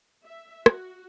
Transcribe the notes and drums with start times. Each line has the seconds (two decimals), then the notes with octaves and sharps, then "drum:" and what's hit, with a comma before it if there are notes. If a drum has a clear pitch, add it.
0.24 E5
0.66 F#4, drum: rim click